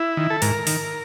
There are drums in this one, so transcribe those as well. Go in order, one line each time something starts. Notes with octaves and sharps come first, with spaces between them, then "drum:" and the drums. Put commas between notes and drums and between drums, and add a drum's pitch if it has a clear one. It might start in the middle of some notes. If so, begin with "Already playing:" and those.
Already playing: E4
D#3
A4
G#2 A#4, drum: open hi-hat
D#3, drum: open hi-hat